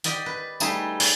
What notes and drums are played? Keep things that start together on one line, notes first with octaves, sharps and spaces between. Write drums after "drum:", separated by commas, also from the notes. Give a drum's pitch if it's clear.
G4 D5 D#5 G5, drum: hi-hat
B4
G3 A3 D#4 G#4, drum: tambourine
G#4 C#5 D5, drum: open hi-hat